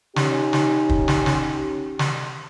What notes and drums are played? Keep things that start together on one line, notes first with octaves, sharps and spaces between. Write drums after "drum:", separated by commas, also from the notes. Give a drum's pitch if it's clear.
C#4 D#4 G4, drum: snare
drum: snare
drum: kick
drum: snare
drum: snare
drum: snare